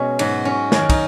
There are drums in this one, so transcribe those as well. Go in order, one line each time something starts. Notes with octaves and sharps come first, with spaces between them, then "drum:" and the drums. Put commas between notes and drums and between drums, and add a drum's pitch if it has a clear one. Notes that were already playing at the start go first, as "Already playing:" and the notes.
Already playing: B2 G#3 C#4
G#2 F#3, drum: cymbal
C#4
F#2 D#3 F#3 C#4, drum: snare
D#4, drum: kick, cymbal